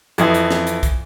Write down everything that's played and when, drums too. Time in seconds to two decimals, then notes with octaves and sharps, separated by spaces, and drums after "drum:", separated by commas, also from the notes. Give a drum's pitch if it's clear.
0.18 F2 E3 D#6, drum: hi-hat
0.34 drum: hi-hat
0.51 drum: snare
0.67 drum: hi-hat
0.83 drum: kick, hi-hat